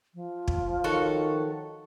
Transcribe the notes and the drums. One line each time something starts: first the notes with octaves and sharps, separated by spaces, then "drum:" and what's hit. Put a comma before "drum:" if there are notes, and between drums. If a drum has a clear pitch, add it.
F3
drum: kick
D#3 F#4 A4 C#5